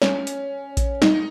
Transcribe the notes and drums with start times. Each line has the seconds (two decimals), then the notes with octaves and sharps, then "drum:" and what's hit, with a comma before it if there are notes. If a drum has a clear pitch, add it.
0.02 C#4, drum: snare
0.27 drum: hi-hat
0.77 drum: kick A#1, hi-hat
1.02 D#4, drum: snare